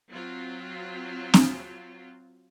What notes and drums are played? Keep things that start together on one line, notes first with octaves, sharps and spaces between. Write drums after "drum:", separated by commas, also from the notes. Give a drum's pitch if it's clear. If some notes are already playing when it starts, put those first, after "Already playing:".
F#3 C4 F4
drum: snare C4